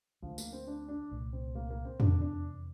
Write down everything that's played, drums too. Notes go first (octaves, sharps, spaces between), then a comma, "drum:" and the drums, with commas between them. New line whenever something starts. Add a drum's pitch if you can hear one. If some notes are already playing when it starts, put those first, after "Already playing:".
D2 D3 F3 A3
A#3, drum: tambourine
C4
D4
D4
C2 A#2 A3
C4
A#3
A#3
C4
F2 C3 E3 D4, drum: tom
D4